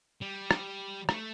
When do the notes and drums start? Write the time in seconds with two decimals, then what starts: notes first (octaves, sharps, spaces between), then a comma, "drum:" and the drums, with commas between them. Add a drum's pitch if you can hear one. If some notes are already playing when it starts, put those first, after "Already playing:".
0.21 G3
0.51 drum: rim click
1.09 A3, drum: rim click